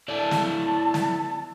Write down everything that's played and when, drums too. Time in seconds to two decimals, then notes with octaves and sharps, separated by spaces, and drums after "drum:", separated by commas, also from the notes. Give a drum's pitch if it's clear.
0.08 E4 A4 D5 A5
0.31 drum: snare
0.94 drum: snare